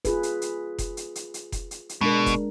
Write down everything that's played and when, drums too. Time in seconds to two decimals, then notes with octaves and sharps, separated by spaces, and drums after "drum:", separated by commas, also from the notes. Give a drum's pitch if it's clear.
0.05 F4 G#4 B4, drum: kick F1, hi-hat
0.23 drum: hi-hat
0.42 drum: hi-hat
0.79 drum: kick F1, hi-hat
0.97 drum: hi-hat
1.15 drum: hi-hat
1.34 drum: hi-hat
1.52 drum: kick F1, hi-hat
1.71 drum: hi-hat
1.89 drum: hi-hat
2.01 B2 G#3 D4 A#4
2.26 drum: kick F1, hi-hat